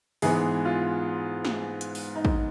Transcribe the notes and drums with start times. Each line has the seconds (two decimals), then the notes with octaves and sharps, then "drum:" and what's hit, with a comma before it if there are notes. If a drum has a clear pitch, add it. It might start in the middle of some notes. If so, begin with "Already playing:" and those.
0.22 G#2 E3 G#3 B3 G#4, drum: open hi-hat
0.65 F4
1.45 drum: snare
1.81 drum: hi-hat
1.95 drum: open hi-hat
2.15 D#4
2.25 drum: kick